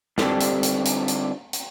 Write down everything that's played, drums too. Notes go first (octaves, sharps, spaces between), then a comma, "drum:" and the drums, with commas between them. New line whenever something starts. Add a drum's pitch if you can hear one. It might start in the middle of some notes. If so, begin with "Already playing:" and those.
D3 G3 C4 D4 G4 A4, drum: snare
drum: hi-hat
drum: hi-hat
drum: hi-hat
drum: hi-hat
drum: hi-hat